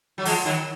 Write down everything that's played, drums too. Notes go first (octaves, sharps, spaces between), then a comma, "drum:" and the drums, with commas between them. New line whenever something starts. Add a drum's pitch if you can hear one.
F#3
F3 G#3, drum: open hi-hat
D#3 F#3